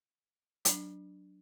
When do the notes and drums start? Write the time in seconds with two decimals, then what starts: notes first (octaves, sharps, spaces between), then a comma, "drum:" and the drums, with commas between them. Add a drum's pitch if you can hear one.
0.65 F#3 D4, drum: hi-hat